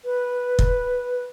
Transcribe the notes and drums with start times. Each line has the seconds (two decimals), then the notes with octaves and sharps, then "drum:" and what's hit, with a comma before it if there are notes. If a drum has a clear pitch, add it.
0.05 B4
0.59 drum: kick